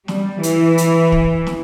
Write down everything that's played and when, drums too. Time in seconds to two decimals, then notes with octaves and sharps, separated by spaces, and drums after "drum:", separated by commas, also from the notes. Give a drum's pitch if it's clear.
0.08 G3, drum: snare
0.43 E3, drum: hi-hat
0.78 drum: hi-hat
1.12 drum: kick
1.47 drum: snare